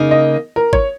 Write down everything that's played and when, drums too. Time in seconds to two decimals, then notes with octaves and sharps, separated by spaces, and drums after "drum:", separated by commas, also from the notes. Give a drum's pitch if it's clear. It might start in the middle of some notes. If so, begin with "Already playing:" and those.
Already playing: C#3 A#3 D#4
0.11 D#5
0.56 A#4
0.73 C#5, drum: kick